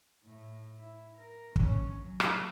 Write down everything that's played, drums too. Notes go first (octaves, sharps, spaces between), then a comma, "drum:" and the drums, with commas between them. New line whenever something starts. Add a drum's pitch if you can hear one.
A2
E4
A#4
C#4, drum: kick
F#3
drum: rim click